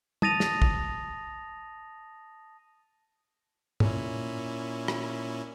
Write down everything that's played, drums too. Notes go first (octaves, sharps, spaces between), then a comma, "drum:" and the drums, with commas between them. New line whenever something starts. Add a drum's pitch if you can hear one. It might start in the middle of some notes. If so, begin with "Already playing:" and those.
A5 D#6 A6 A#6 D#7 F7, drum: tom
drum: snare
drum: kick
A#2 C#4 E4, drum: tom
drum: rim click